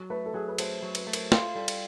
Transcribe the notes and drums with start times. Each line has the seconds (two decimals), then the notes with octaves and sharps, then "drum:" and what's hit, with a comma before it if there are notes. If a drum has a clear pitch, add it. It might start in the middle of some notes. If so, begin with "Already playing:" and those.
Already playing: F#3
0.10 A3 B4
0.26 A4
0.34 F#3 G#4
0.48 B4
0.58 A3 C5, drum: cymbal
0.83 F#3
0.95 B4, drum: cymbal
1.07 A3
1.13 A#4, drum: cymbal
1.32 F4 A4, drum: snare
1.56 G3 A4
1.68 drum: cymbal